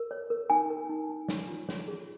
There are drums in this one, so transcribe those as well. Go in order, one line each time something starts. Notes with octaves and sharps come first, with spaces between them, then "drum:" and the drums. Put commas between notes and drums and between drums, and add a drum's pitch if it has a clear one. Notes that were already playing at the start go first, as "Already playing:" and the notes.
Already playing: A#4
C#5
A#4
D#4 G#5
A#4
D#4
D#4
C#5, drum: snare
F4
C#5, drum: snare
G#4